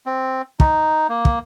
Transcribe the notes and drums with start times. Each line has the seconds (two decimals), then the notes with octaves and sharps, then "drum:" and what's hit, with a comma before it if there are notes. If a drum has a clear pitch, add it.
0.06 C4
0.60 D#4, drum: kick
1.09 A#3
1.25 drum: kick